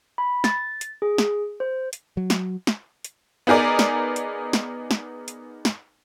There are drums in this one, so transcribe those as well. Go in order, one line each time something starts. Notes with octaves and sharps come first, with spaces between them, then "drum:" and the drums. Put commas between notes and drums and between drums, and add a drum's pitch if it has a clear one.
B5
A6, drum: snare
drum: hi-hat
G#4
drum: snare
C5
drum: hi-hat
F#3
drum: snare
drum: snare
drum: hi-hat
B3 D#4 G#4 A#4 D5
drum: snare
drum: hi-hat
drum: snare
drum: snare
drum: hi-hat
drum: snare